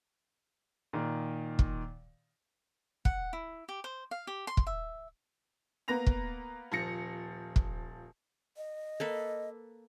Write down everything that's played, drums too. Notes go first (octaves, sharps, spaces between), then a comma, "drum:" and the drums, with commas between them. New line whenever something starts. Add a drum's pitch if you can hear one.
A#2 D#3
drum: kick
F#5, drum: kick
E4
G4
C5
F5
G4
C6
drum: kick
E5
A#3 B3 B4 A#5 A#6 F7
drum: kick
D#1 F3 A#6 C#7
drum: kick
D#5
A#3 A4 B4